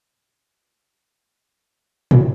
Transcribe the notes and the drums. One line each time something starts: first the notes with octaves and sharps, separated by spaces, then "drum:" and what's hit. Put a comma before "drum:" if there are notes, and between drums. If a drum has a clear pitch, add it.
G2 B2
F4 F#4 A#4 B4 D5 G#5
E4
C#2
drum: tom